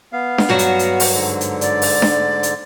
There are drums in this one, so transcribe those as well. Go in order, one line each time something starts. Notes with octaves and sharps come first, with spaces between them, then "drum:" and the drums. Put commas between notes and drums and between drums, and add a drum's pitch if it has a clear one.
B3 F5
drum: snare D4
G2 F#3 F#4
drum: hi-hat
drum: hi-hat
drum: open hi-hat
G#2 D3
drum: hi-hat
D5, drum: hi-hat
drum: open hi-hat
drum: snare D4
drum: hi-hat